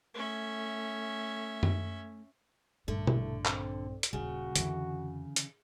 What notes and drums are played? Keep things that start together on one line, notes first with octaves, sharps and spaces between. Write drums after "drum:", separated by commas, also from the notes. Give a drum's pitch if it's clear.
A3 C#4 E5
drum: tom F#2
A#1 G2 D3 A3
drum: tom B2
C4, drum: clap
drum: hi-hat
D#1 C#3 F4 F#4
F2 D3 E3 E4, drum: hi-hat
drum: hi-hat